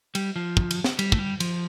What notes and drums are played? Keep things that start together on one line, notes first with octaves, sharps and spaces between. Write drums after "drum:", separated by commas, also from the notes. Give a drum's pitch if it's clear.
G3, drum: cymbal
F3
drum: kick
drum: cymbal
drum: snare
G3, drum: cymbal
A3, drum: kick
G3
F3, drum: cymbal